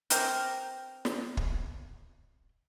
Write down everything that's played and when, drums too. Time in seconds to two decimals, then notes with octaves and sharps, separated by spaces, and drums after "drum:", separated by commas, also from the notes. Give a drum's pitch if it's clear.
0.10 C4 G4 A#4, drum: hi-hat
1.05 drum: snare
1.37 drum: kick